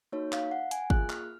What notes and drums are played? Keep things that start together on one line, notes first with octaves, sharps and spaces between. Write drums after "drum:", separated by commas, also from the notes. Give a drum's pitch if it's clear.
A#3 D#4 F#4 C#5
F5, drum: clap
F#5
G#5, drum: hi-hat
A#3 F4 G#4 F#6, drum: kick
F6, drum: clap